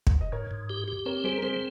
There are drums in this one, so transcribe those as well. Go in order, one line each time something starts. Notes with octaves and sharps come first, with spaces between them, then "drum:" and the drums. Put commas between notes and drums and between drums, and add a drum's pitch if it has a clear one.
drum: kick
D#5
G#2 A#4 C#5
G#2
G4
G4
C4 A#4 C#5
G3 G#4 C5
A#4
C4 G#4 C5